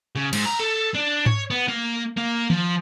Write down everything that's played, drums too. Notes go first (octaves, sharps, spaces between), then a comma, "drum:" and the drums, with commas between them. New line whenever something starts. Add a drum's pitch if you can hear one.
C#3
G#2, drum: cymbal
A#5
A4
D4
C#5, drum: tom G#2
B3
A#3
A#3
F3, drum: tom